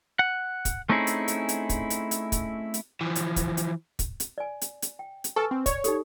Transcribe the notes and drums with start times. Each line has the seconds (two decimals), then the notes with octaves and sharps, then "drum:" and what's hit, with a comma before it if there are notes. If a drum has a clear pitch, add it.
0.19 F#5
0.65 drum: kick, hi-hat
0.89 A3 C4 C#4 D#4 E4 G#4
1.07 drum: hi-hat
1.28 drum: hi-hat
1.49 drum: hi-hat
1.69 drum: kick, hi-hat
1.90 drum: hi-hat
2.11 drum: hi-hat
2.32 drum: kick, hi-hat
2.74 drum: hi-hat
3.01 E3 F3
3.15 drum: hi-hat
3.36 drum: kick, hi-hat
3.57 drum: hi-hat
3.99 drum: kick, hi-hat
4.20 drum: hi-hat
4.38 D5 G#5
4.61 drum: hi-hat
4.82 drum: hi-hat
4.99 G5
5.24 drum: hi-hat
5.36 A4 B4 G#5 C#6
5.51 C4
5.66 C#5 D5, drum: kick, hi-hat
5.84 D#4 G4 A4, drum: hi-hat